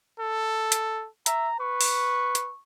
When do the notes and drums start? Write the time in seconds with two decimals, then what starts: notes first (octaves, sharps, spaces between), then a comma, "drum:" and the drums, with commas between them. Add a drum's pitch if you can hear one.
0.20 A4
0.72 drum: hi-hat
1.26 E5 A#5, drum: hi-hat
1.60 B4 C#6
1.81 drum: open hi-hat
2.35 drum: hi-hat